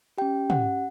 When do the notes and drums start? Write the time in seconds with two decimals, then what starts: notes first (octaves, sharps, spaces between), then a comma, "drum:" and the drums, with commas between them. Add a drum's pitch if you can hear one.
0.18 C#4 G4 G5
0.50 F#5, drum: tom